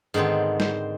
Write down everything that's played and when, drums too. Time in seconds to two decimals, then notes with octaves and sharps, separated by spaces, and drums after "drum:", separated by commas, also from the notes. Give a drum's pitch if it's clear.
0.14 G#2 D3 D#3 B3 C4
0.60 C5, drum: snare